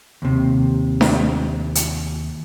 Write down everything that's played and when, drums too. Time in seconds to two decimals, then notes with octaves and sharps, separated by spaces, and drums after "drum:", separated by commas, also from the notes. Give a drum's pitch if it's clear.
0.22 D#2 C3
1.01 drum: snare D4
1.75 drum: hi-hat